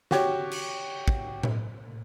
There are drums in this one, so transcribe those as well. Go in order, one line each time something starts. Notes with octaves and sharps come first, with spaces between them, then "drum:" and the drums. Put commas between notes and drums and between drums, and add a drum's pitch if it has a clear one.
F#4 G4 C#5, drum: snare
drum: cymbal
drum: kick
drum: tom A2